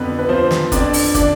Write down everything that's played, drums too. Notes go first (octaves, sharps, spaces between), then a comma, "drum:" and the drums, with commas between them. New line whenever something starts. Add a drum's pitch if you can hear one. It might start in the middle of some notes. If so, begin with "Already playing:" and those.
Already playing: F2 D3 B3 B4
B4
F3 C4 C5
drum: snare
F2 D4 D5, drum: kick, hi-hat
drum: open hi-hat
D3 D4 D5, drum: kick, hi-hat